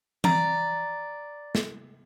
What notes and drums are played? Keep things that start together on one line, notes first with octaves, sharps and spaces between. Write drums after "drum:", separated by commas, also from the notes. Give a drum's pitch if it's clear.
D5 A#5, drum: tom E3
drum: snare